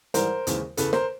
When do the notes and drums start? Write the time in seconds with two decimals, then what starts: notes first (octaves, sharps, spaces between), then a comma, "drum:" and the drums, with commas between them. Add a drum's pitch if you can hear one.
0.14 G#2 E3 G3 A#4 C5, drum: hi-hat
0.47 D#2 C#3 E3 G#3, drum: hi-hat
0.77 E2 C#3 E3 A4 B4, drum: hi-hat
0.93 A#4 C5, drum: snare